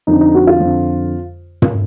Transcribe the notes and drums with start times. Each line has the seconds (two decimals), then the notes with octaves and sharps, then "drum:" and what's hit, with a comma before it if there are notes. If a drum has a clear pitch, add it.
0.07 F2 D3 D#4
0.21 D#4
0.35 F#4
0.47 F4
0.61 F2 D3
1.62 drum: tom